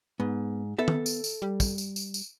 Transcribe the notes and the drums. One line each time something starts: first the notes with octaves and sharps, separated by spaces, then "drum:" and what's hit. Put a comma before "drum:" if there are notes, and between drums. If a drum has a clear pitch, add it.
G#2 B3
B3 A4 E5
drum: tom
drum: tambourine
drum: tambourine
G3
drum: kick, tambourine
drum: tambourine
drum: tambourine
drum: tambourine